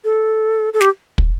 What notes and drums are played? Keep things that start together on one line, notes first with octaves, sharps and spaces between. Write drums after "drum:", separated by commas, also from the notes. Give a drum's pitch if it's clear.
A4
A4
G4, drum: snare
drum: kick